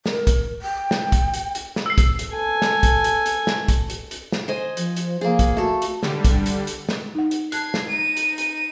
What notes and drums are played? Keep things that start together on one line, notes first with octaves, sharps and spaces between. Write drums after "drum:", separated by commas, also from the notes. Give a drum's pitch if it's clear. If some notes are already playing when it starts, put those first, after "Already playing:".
A#4, drum: snare
drum: kick, hi-hat
G5
drum: snare
drum: kick, hi-hat
drum: hi-hat
drum: hi-hat
drum: snare
E6 C7
drum: kick, hi-hat
drum: hi-hat
A4 G#5
drum: snare
drum: kick, hi-hat
drum: hi-hat
drum: hi-hat
drum: snare
drum: kick, hi-hat
drum: hi-hat
drum: hi-hat
drum: snare
C5 D#5 G#5
F3, drum: hi-hat
drum: hi-hat
F3 A#3 G#4
drum: kick, hi-hat
A3 F#4 A4
drum: hi-hat
D3 G3, drum: snare
drum: kick, hi-hat
drum: hi-hat
drum: hi-hat
drum: snare
D#4 F#5
drum: hi-hat
A5 F#6 G#6 C7, drum: hi-hat
drum: snare
D#4 D#7
drum: hi-hat
drum: hi-hat